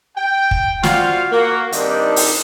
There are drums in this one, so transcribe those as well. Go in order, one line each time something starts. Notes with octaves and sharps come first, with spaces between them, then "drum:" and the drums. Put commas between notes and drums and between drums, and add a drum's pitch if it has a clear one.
G5
drum: kick
F4 F#4 C5 D5 F5, drum: snare
A#3 F#4
G2 D#3 G3 C4 D4 D#4, drum: hi-hat
drum: open hi-hat